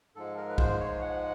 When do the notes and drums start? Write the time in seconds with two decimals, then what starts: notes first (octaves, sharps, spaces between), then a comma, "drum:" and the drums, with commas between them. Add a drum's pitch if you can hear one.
0.16 G#2 F3 G#3 A4
0.37 A#4
0.50 B4
0.58 C5, drum: kick B1
0.80 C#5
1.01 F#5